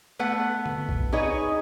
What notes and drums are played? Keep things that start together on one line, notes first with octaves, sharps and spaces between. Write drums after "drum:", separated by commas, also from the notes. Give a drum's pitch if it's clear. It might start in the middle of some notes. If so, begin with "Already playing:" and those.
A3 B3 B4 F#5
drum: tom
drum: kick A#1
D#4 G#4 B4 C#5 D#5